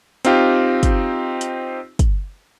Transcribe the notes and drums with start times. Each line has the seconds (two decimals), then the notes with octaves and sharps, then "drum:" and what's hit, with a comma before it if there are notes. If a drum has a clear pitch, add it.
0.25 C4 D#4 F4 G4, drum: hi-hat
0.83 drum: kick, hi-hat
1.41 drum: hi-hat
1.99 drum: kick, hi-hat